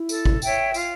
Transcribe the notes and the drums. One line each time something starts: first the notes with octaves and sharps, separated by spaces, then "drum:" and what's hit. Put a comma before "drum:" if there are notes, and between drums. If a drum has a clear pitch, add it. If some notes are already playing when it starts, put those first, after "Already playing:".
Already playing: E4
A4, drum: tambourine
drum: kick
C#5 E5 G5, drum: tambourine
F4, drum: tambourine